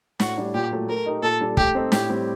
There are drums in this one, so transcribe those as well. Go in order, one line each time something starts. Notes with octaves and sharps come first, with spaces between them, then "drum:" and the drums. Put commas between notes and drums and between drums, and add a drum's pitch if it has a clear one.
A2 F#4, drum: snare
G3 D4
A#2 G4
F#3 A3
A3 A#4
D#4 G4 A#4
A#2 A4
G3 D4 A4
A3 G4, drum: kick
C4 D#4 A4
A2 G4, drum: snare
G3 C4 G4